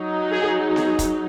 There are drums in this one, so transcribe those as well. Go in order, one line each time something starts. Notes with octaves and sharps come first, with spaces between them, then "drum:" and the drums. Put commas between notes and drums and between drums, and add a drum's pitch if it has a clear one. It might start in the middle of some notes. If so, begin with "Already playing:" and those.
Already playing: F#3 D#4
G#4
G#4, drum: snare B3
drum: kick, hi-hat